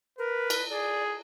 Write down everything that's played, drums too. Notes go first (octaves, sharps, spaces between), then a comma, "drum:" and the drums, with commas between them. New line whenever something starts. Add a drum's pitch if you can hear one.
A#4 B4
drum: cymbal
G#4 D5